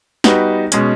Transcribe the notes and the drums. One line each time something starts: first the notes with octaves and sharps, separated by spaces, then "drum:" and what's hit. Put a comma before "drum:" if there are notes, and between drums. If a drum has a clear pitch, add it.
G3 B3 D#4 F#4 B4, drum: snare
B2 G#3 C#4, drum: hi-hat